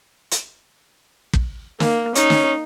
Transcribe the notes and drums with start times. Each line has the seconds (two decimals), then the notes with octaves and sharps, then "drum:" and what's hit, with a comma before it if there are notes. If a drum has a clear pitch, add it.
0.31 drum: hi-hat
1.33 drum: kick
1.80 A#3, drum: snare
2.15 C#4 D#4, drum: hi-hat
2.30 drum: snare